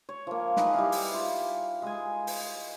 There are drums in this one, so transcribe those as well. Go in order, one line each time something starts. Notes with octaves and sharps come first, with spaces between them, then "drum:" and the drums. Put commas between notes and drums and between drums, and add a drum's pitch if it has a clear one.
C#5
F3 A#3
D#4 G#4 B4, drum: snare
G3 E4 F5
drum: open hi-hat
F4
G#3 G#4 G#5
drum: open hi-hat